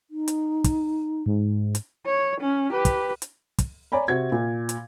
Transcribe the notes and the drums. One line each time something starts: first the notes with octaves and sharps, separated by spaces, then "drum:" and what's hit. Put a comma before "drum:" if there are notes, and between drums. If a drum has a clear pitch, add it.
D#4
drum: hi-hat
drum: kick, hi-hat
G#2
drum: hi-hat
C#5
C#4
G4 B4
drum: kick, hi-hat
drum: hi-hat
drum: kick, hi-hat
C#5 D5 G#5 A#5 B5
C3 F#4 G#6
A#2
drum: hi-hat